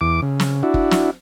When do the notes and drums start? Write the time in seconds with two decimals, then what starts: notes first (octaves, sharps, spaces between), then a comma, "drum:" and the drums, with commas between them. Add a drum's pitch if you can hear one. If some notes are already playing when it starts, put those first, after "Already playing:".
0.01 E2 D6
0.22 C#3
0.40 drum: snare
0.63 D4 E4 F#4
0.74 drum: kick
0.91 drum: snare